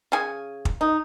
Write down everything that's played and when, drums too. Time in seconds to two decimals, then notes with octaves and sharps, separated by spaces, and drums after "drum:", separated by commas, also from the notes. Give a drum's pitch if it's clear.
0.12 C#3 G#5
0.65 drum: kick
0.81 D#4